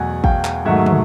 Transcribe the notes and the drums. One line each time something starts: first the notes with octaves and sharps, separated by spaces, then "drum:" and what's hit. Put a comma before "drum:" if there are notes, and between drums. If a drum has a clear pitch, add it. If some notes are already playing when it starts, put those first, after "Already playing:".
Already playing: E2 B2 F#3 A3 F#5 G#5
F5 G5, drum: kick A1
drum: clap
G#2 D#3 F#3 A3 E5 F#5
drum: tom